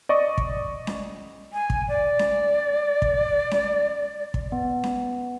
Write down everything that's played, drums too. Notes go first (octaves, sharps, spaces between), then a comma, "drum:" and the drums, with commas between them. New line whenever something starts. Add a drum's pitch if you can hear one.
D5 D#5 C#6
drum: kick
drum: snare C#4
G#5
drum: kick
D5
drum: snare C#4
drum: kick
drum: snare C#4
drum: kick
B3
drum: snare C#4